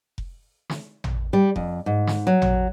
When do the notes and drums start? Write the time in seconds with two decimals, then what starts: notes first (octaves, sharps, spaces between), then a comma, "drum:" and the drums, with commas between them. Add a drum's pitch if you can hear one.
0.18 drum: kick F1
0.70 drum: snare
1.04 drum: tom
1.33 G3
1.56 F2, drum: kick F1
1.86 G#2
2.07 drum: snare
2.27 F#3
2.42 drum: tom